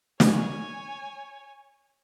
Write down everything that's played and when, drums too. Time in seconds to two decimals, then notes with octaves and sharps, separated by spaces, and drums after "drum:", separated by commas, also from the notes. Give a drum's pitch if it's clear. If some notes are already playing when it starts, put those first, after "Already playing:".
0.20 C#5 G#5, drum: snare